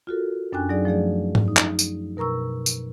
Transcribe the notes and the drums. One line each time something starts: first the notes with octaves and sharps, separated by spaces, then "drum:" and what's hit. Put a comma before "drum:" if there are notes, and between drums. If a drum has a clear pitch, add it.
F4 F#4 A4 A#4
F#2 C#4 D4 G5 G#5 F#6
F#3 D#4 G#4 D5
F3 A3 G#4 D5
drum: tom G#2
D#4
drum: clap
drum: tambourine
B2 A#4 A#5 C#6 E6
drum: tambourine